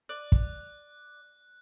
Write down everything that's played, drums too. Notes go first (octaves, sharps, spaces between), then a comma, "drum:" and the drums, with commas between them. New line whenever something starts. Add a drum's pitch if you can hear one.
D5 F#6
drum: kick